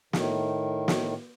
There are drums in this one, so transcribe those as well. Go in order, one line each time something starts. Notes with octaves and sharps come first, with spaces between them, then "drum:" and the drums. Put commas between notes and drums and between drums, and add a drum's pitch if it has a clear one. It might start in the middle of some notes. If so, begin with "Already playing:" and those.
A2 D#3, drum: snare
drum: snare